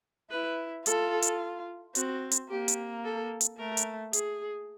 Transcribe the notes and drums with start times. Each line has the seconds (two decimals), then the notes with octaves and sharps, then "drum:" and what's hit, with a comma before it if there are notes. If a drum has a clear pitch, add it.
0.31 E4 B4
0.86 F4 A4, drum: hi-hat
1.22 drum: hi-hat
1.95 C4 F#4, drum: hi-hat
2.31 drum: hi-hat
2.50 A#3 G4
2.68 drum: hi-hat
3.05 A4
3.41 drum: hi-hat
3.58 A3 A#4
3.77 drum: hi-hat
4.13 G#4, drum: hi-hat